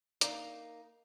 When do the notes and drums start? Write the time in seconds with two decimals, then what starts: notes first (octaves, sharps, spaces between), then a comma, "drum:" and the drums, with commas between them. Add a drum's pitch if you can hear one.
0.21 A#3 D#4 D5, drum: hi-hat